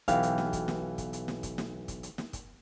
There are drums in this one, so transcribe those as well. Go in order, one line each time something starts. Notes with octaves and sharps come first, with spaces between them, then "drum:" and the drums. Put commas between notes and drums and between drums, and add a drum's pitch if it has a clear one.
B1 E3 G4 F5, drum: kick, hi-hat
drum: hi-hat
drum: snare
drum: kick, hi-hat
drum: snare
drum: kick, hi-hat
drum: hi-hat
drum: snare
drum: kick, hi-hat
drum: snare
drum: kick, hi-hat
drum: hi-hat
drum: snare
drum: kick, hi-hat